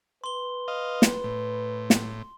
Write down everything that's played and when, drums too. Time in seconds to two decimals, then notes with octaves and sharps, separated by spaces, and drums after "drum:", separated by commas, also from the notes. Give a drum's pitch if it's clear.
0.24 B4 C6 G7
0.68 D#5 F5
1.02 drum: snare
1.24 A2
1.90 drum: snare